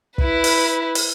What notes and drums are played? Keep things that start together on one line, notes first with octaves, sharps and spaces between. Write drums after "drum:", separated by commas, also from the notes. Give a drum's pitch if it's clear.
E4 B4, drum: kick
drum: open hi-hat
drum: open hi-hat